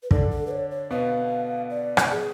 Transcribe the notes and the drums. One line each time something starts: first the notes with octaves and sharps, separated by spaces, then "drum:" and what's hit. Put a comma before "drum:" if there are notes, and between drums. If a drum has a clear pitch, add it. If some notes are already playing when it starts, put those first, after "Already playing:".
B4
D3 D4 A4, drum: kick
A4
B4
C#5
C#5
B2 B3 F5
D5
drum: rim click
G#4